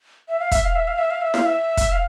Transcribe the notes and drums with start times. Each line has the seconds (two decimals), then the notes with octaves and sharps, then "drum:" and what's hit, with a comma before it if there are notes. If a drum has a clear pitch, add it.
0.29 E5
0.39 F5
0.51 E5, drum: kick, hi-hat
0.64 F5
0.75 E5
0.87 F5
0.98 E5
1.10 F5
1.22 E5
1.34 F5, drum: snare E4
1.45 E5
1.77 drum: kick, hi-hat
1.92 F5